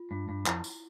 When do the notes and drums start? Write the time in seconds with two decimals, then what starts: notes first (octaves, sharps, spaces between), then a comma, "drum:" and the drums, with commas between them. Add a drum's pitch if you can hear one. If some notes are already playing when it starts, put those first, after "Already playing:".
Already playing: F4
0.11 G2
0.29 G2
0.46 F2 E4, drum: clap
0.64 drum: tambourine